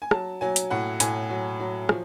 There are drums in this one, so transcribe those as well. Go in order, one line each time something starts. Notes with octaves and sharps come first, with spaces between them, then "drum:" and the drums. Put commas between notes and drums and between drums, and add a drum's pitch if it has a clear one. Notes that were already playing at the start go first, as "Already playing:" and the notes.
G#5
F#3 A5, drum: rim click
F#3 G#5
drum: hi-hat
A2 F#5
A2 G#5, drum: hi-hat
F#3
F#3
F3, drum: rim click